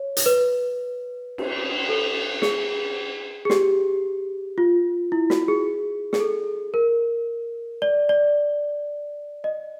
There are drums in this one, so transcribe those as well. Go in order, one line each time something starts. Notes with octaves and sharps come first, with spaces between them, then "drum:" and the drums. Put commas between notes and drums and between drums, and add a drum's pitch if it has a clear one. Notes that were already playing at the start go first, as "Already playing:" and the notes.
Already playing: C#5
drum: hi-hat
B4
drum: cymbal
A4
G#4, drum: snare
G#4
G4, drum: snare
F4
E4
F#4, drum: snare
G#4
G#4, drum: snare
A4
A#4
D5
D5
D#5